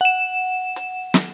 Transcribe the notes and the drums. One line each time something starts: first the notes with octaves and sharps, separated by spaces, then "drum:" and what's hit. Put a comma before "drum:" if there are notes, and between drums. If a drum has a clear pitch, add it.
F#5 E7
drum: hi-hat
drum: snare